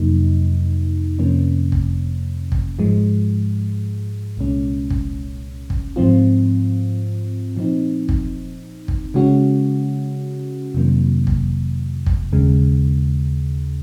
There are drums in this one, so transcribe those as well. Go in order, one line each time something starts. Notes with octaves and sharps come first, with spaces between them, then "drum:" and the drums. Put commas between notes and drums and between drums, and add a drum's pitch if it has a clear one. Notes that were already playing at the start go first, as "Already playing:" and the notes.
Already playing: F2 C3 F#3 A#3 D#4
F2 C3 F3 A#3 C#4
drum: kick
drum: kick
G#2 F3 G#3
C2 A#2 G#3 C#4
drum: kick
drum: kick
G#2 F3 C4 F4
A#2 F3 C4 D#4
drum: kick
drum: kick
C#3 G#3 C#4 F#4
F2 C3 D#3 F#3 A#3
drum: kick
drum: kick
D#2 C#3 G#3